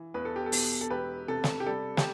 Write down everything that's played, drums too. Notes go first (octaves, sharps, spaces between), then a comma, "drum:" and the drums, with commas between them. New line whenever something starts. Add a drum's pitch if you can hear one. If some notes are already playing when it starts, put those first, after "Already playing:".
Already playing: E3
E2 B4
A4
G4
A4
B2, drum: open hi-hat
A4
E1 G4 B4
C3 A4
drum: snare
G4
G3 A4
G4, drum: snare